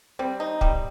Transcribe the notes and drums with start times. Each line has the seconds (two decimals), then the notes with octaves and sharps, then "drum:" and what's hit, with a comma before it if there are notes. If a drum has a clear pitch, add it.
0.19 G3 C4
0.40 D#4
0.61 G3, drum: kick